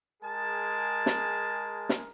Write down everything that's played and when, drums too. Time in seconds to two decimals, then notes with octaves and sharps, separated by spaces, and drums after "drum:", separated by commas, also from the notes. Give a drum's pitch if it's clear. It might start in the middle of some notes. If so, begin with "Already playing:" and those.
0.23 G#3 G#4 A#4 A5
1.06 drum: snare
1.89 drum: snare